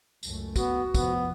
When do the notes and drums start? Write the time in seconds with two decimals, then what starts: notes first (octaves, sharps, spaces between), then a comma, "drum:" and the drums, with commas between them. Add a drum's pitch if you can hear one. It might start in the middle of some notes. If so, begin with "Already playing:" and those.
0.23 C#2 F#2 A3, drum: tambourine
0.56 B3 F#4, drum: kick, tambourine
0.94 F1 F3 B3, drum: kick, tambourine